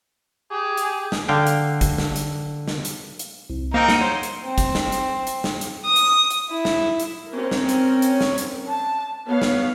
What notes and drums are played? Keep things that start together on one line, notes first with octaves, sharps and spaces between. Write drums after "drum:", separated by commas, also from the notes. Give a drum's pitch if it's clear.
G4 G#4
drum: hi-hat
drum: snare
D3 F5 G5
drum: hi-hat
drum: kick, hi-hat
drum: snare
drum: hi-hat
drum: snare
drum: hi-hat
drum: hi-hat
C2
A#3 C4 D#4 A#4 C5 F5
F#5 D#7, drum: snare
C5 C#5
drum: hi-hat
C4
drum: kick, hi-hat
drum: snare
drum: hi-hat
drum: hi-hat
drum: snare
drum: hi-hat
D#6
drum: hi-hat
drum: hi-hat
E4
drum: snare
drum: hi-hat
C4 C#4 A#4
drum: snare
drum: hi-hat
C#5, drum: hi-hat
drum: snare
drum: hi-hat
A5
B3 C#5 F5
drum: snare